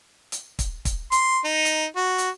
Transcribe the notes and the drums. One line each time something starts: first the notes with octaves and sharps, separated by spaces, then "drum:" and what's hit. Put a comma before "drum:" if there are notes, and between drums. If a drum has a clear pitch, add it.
drum: hi-hat
drum: kick, hi-hat
drum: kick, hi-hat
C6, drum: hi-hat
D#4
drum: hi-hat
F#4
drum: hi-hat